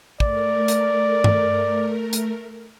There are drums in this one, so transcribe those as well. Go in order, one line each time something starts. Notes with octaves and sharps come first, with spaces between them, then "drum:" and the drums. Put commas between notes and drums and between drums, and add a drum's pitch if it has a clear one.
A3 A#4 D5, drum: kick
drum: hi-hat
drum: tom G2
drum: hi-hat